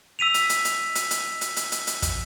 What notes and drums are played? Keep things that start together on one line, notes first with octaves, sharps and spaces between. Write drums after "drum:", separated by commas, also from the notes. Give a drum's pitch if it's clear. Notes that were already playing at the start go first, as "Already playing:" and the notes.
E6 B6 D#7 F7
drum: hi-hat
drum: hi-hat
drum: hi-hat
drum: hi-hat
drum: hi-hat
drum: hi-hat
drum: hi-hat
drum: hi-hat
drum: hi-hat
drum: kick, hi-hat